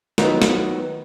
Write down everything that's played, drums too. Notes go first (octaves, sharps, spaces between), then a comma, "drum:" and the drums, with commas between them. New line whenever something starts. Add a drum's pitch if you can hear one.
D#3 F#3 B3, drum: snare
drum: snare